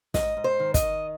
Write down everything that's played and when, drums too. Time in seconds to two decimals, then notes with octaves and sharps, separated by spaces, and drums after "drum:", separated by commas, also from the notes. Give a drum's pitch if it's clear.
0.14 G#2 D#5, drum: snare
0.37 G#2
0.44 C5
0.60 D#3
0.74 D#5, drum: kick, hi-hat
0.82 D#3